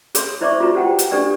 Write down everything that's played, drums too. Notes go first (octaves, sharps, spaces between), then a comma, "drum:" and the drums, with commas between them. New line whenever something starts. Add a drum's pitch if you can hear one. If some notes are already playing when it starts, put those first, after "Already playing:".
G#4 A4 C#5 C6, drum: hi-hat
E4 C5 D5 E5 C#6 D6
F4 F#4 A4 B4 A#5
G4 C5 F#5 G5
drum: hi-hat
D4 G4 A4 B4 D5 C#6